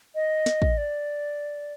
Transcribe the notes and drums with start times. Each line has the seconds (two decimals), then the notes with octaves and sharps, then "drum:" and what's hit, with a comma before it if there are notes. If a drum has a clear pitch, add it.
0.15 D#5
0.46 drum: snare
0.62 drum: kick
0.78 D5